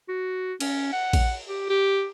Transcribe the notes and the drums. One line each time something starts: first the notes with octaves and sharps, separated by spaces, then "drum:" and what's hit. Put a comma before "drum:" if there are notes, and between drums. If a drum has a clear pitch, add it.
F#4
C#4, drum: cymbal
F#5
drum: kick A#1, cymbal
G4
G4